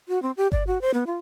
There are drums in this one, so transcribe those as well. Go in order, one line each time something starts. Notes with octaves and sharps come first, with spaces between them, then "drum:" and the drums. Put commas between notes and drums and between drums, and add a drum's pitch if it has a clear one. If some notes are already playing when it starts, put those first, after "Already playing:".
F#4
C4
G4
D5, drum: kick G1
F#4
C5
B3
F4